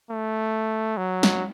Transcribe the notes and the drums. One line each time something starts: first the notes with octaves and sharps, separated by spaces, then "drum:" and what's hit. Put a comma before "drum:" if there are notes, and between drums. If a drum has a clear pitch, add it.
A3
F#3
drum: snare